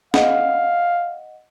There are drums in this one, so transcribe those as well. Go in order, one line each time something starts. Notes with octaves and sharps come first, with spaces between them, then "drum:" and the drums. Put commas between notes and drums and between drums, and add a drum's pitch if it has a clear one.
D#5 F5 F#5, drum: snare